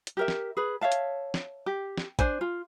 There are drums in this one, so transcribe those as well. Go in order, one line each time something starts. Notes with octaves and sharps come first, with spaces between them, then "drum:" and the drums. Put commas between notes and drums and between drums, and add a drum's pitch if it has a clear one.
drum: hi-hat
G4 A#4 E5
drum: snare
G#4 B4
C#5 E5 F5 A5
drum: hi-hat
drum: snare
G4
drum: snare
D4 C5 G#5, drum: kick, hi-hat
F4